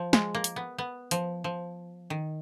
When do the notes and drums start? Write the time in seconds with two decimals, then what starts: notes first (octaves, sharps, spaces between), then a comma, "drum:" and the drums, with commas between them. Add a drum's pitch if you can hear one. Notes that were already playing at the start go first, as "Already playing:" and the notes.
Already playing: F3
0.13 G#3, drum: snare
0.35 A#3
0.44 drum: hi-hat
0.56 B3
0.78 B3
1.11 F3, drum: hi-hat
1.44 F3
2.10 D#3